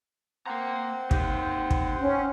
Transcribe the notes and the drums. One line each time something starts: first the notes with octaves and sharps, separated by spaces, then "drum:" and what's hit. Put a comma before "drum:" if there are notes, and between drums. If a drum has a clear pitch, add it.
A#3 C4 C5 F#5 A#5
D#4 G4, drum: kick
drum: kick
C#4